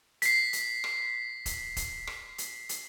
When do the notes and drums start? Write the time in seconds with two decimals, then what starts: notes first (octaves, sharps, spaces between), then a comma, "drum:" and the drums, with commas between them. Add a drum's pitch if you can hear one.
0.22 B6 C7, drum: hi-hat
0.53 drum: hi-hat
0.84 drum: rim click
1.46 drum: kick, hi-hat
1.76 drum: kick, hi-hat
2.07 drum: rim click
2.38 drum: hi-hat
2.69 drum: hi-hat